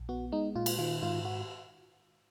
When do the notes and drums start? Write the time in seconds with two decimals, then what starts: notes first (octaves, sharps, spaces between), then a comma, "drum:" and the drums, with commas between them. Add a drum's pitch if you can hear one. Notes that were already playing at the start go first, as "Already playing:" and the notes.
Already playing: A#1
0.09 B3 F#4
0.32 G#3 D#4
0.55 A#2 F4
0.66 drum: cymbal
0.79 D#3 F4
1.02 G#2 F4
1.25 F#4